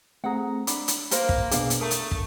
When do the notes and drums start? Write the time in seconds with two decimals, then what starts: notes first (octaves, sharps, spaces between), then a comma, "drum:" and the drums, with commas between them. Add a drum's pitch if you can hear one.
0.24 A3 C4 G#4 F#5 A#5
0.67 D4 B5, drum: hi-hat
0.88 drum: hi-hat
1.11 A#3 A#4 C5, drum: hi-hat
1.29 drum: kick
1.51 B2 B3 D4 G#4 F5, drum: hi-hat
1.70 drum: hi-hat
1.81 A3 A#4 D#6
1.91 drum: hi-hat
2.11 drum: kick